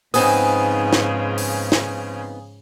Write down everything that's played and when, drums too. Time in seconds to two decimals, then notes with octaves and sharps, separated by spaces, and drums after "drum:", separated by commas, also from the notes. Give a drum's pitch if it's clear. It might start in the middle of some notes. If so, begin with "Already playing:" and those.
0.14 G#2 C#3 F3 B3 C4 D#4 G#5 D#6, drum: open hi-hat
0.93 drum: snare
1.38 drum: open hi-hat
1.72 drum: snare